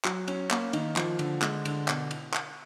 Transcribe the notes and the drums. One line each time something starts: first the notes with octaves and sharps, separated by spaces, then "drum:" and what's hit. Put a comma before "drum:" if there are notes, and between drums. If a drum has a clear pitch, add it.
F#3, drum: clap
C#4, drum: cymbal
A#3, drum: clap
D#3, drum: cymbal
F3, drum: clap
D3, drum: cymbal
G#3, drum: clap
D3, drum: cymbal
B2, drum: clap
drum: cymbal
drum: clap